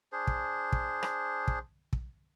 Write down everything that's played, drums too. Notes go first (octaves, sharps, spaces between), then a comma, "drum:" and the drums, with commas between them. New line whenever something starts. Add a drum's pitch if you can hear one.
D4 G#4 C5
drum: kick
drum: kick
drum: rim click
drum: kick
drum: kick